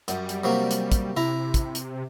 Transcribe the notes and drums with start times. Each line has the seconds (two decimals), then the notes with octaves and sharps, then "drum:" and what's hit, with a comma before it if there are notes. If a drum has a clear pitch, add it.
0.08 F#2 G3, drum: hi-hat
0.29 drum: hi-hat
0.44 C3 F#3 A#3
0.71 drum: hi-hat
0.92 drum: kick, hi-hat
1.17 C3 E4 A#5
1.54 drum: kick, hi-hat
1.75 drum: hi-hat